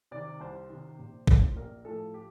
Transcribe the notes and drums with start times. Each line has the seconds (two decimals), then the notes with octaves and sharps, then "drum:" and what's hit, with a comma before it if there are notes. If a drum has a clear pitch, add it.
0.11 C3 D#3 D5
0.40 C2 C5
0.70 C3 D#3
0.99 A#1
1.27 A2 F3, drum: kick
1.56 A#1 A#4
1.85 A2 F3 A4
2.14 G4